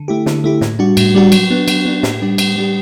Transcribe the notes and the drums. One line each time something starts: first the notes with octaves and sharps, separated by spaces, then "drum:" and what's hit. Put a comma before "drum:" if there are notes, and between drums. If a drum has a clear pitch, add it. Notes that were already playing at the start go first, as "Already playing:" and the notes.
Already playing: D3
A3 E4 G4
D3, drum: snare
A3 E4 G4
A2, drum: snare
G3 D4 F#4
A2, drum: cymbal
G3 D4 F#4
F#3, drum: cymbal
B3 D4
F#3, drum: cymbal
B3 D4
A2, drum: snare
G3 D4 G4
A2, drum: cymbal
G3 D4 G4